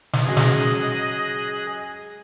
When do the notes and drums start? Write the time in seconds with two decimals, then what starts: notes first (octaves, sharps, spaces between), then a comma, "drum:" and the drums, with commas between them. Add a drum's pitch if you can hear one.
0.13 drum: snare
0.27 C#3 F#3 G#3 G#4 D#5 F#6
0.37 drum: snare